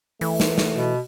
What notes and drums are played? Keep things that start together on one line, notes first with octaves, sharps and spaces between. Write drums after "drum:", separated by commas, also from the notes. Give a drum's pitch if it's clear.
E3 A3, drum: open hi-hat
drum: snare
drum: snare
B2